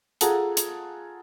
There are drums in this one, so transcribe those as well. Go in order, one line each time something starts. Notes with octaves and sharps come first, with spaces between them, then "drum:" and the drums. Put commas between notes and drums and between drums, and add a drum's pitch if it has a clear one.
F4 G#4 A4 F#5 A5 A#5, drum: hi-hat
drum: hi-hat